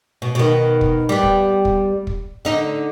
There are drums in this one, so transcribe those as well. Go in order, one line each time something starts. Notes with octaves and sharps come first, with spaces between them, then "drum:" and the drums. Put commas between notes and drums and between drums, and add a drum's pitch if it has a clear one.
B2
B2 D#3
drum: kick
G3 B3
drum: kick
drum: kick
drum: kick
D3 D#4